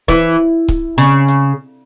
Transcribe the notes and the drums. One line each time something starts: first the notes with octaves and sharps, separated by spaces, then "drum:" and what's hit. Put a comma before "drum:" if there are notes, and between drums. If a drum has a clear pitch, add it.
E3, drum: kick C#1, hi-hat
drum: kick C#1, hi-hat
C#3
drum: hi-hat